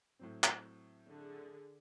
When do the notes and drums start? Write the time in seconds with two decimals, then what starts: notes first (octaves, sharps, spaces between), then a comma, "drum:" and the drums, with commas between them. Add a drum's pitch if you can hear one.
0.19 A2 F#3 C4
0.44 drum: clap
1.09 D3 G#4